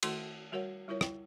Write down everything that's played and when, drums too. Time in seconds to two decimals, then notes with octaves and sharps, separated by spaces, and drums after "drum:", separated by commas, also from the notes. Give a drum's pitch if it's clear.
0.03 D#3 A3 F#4 A4 C6, drum: cymbal
0.52 G3 F#4 A#4 C#5 F#5
0.88 G3 E4 F4 A#4 C#5
1.01 E4 G5, drum: rim click